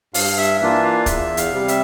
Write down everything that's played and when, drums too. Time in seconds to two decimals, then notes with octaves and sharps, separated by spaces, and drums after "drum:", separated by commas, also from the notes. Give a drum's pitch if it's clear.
0.14 G2 F5, drum: open hi-hat
0.37 E5
0.60 E3 A#3 D4 F4 E5
0.83 F5
1.06 E2 E5, drum: kick, hi-hat
1.37 F5, drum: hi-hat
1.52 C3 G3
1.68 E5, drum: hi-hat